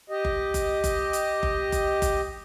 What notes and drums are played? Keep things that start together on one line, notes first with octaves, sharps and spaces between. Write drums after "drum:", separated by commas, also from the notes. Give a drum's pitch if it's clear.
G4 D#5
drum: kick F#1
drum: kick F#1, hi-hat
drum: kick F#1, hi-hat
drum: hi-hat
drum: kick F#1
drum: kick F#1, hi-hat
drum: kick F#1, hi-hat